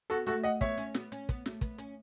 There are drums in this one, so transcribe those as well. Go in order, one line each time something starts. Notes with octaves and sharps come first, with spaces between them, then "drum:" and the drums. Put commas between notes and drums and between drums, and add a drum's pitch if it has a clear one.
B3 F#4 A4
A3 F#4 A4
D#5 F#5
B3 C#5 E5, drum: kick, hi-hat
C#4, drum: hi-hat
B3, drum: snare
C#4, drum: hi-hat
B3, drum: kick, hi-hat
A3, drum: snare
B3, drum: kick, hi-hat
C#4, drum: hi-hat